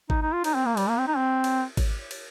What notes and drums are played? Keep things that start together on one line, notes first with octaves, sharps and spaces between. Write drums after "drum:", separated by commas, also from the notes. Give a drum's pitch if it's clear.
D#4, drum: kick G#1
D#4
F4
D#4, drum: cymbal
C4
A#3
G3, drum: cymbal
A#3
C4
D#4
C4
drum: cymbal
drum: kick G#1, cymbal
drum: cymbal